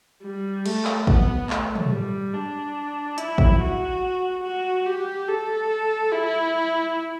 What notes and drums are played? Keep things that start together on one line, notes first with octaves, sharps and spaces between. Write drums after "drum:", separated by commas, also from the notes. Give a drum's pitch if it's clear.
G3
A3, drum: cymbal
drum: clap
B3, drum: kick
A3, drum: clap
drum: tom
G3
D4
E4, drum: hi-hat
drum: kick
F#4
F#4
G4
A4
E4